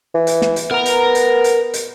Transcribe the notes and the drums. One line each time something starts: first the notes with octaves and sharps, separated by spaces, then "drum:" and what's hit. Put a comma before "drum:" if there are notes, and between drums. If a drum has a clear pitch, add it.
E3
drum: hi-hat
drum: snare
drum: hi-hat
B3 A#4 A#5
drum: hi-hat
drum: hi-hat
drum: hi-hat
drum: hi-hat